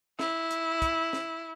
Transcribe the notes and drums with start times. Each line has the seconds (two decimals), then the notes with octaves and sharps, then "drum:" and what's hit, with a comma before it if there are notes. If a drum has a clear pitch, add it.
0.19 E4, drum: snare
0.51 drum: hi-hat
0.82 drum: kick, hi-hat
1.13 drum: snare